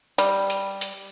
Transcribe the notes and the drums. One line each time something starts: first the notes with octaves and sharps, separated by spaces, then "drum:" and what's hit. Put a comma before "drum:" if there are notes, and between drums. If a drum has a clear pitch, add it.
G3, drum: hi-hat
drum: hi-hat
drum: hi-hat